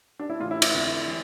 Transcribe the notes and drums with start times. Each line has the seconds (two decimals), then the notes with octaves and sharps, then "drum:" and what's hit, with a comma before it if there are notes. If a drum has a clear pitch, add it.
0.19 D4
0.30 E4
0.40 A2 E3 F4
0.51 E4
0.62 E4, drum: cymbal
0.74 F2 D3
1.08 E3